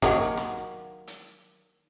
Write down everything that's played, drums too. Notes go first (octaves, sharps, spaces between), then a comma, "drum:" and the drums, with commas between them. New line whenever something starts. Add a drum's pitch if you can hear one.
D#3 F#3 A#3, drum: kick
drum: snare
drum: hi-hat